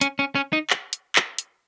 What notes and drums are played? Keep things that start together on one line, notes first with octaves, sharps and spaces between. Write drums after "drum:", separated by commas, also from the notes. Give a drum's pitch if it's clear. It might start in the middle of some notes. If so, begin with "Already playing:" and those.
C#4, drum: hi-hat
C#4
C#4
D#4
drum: clap
drum: hi-hat
drum: clap
drum: hi-hat